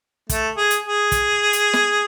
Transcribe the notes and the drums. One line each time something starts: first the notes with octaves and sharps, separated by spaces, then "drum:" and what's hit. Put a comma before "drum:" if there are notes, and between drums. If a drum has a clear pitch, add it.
A3, drum: kick, hi-hat
G#4
drum: hi-hat
G#4
drum: kick, hi-hat
drum: hi-hat
drum: snare